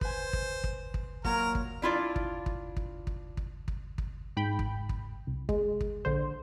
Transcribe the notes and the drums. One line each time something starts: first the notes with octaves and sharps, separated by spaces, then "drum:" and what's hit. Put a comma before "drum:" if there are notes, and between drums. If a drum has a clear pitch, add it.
B4 C5 G#5, drum: kick
drum: kick
drum: kick
drum: kick
A#2 F#3 A#4 C#5 A#5 F6, drum: kick
drum: kick
D4 E4 F4 D5
drum: kick
drum: kick
drum: kick
drum: kick
drum: kick
drum: kick
drum: kick
G#2 G5 B5
drum: kick
drum: kick
C2
G#3, drum: kick
drum: kick
A#1 D3 C5